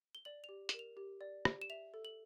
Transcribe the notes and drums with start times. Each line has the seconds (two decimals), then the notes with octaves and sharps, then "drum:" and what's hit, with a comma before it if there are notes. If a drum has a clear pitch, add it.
0.15 G7
0.25 D5 F#7
0.44 F7
0.49 G4
0.69 A#4 E7, drum: hi-hat
0.79 F7
0.97 G4
1.21 D5
1.45 G4, drum: rim click
1.62 E7
1.70 E5 F7
1.94 A4
2.05 F#7